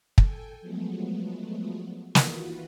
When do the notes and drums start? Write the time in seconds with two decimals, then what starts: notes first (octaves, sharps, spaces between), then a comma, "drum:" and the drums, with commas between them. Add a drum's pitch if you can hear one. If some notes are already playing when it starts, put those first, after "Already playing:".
0.18 A4 G5 G#5, drum: kick
0.61 F3 F#3 G#3 A3 B3
2.15 D#3 E3 F4 F#4 B4, drum: snare